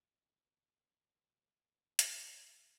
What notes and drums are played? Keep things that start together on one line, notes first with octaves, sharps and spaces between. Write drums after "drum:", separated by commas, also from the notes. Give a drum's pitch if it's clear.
C#3 F3
drum: hi-hat